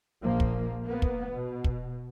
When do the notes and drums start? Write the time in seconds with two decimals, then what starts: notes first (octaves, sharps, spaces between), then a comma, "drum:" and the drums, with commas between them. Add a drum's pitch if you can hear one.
0.24 A#1 F3 A#3
0.40 drum: kick
0.84 A#3 B3
1.02 drum: kick
1.33 B2
1.64 drum: kick